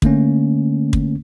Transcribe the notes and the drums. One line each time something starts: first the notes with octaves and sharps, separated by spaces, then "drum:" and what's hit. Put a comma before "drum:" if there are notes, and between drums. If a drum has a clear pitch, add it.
D3 A3 A#3 C#4, drum: kick
drum: kick